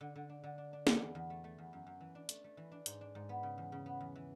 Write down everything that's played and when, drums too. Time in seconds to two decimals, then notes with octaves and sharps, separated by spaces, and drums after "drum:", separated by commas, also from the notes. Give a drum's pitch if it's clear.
0.01 D3
0.16 D3
0.29 D4
0.44 D3
0.58 D4
0.73 D4
0.87 E2, drum: snare
1.01 E2
1.15 E2
1.30 A3
1.44 A3
1.58 E2
1.73 F#2
1.87 F#2
2.00 E3
2.15 D4
2.29 A3, drum: hi-hat
2.44 A3
2.57 E3
2.72 D4
2.86 G#2, drum: hi-hat
3.01 D4
3.15 G#2
3.29 B3
3.43 C#3
3.58 E2
3.72 C#3
3.86 B3
4.01 E2
4.16 E3